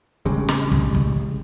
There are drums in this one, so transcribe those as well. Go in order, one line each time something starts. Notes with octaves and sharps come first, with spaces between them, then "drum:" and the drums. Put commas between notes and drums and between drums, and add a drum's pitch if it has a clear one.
A1 C#3 G3 G#3
drum: snare
drum: kick
drum: kick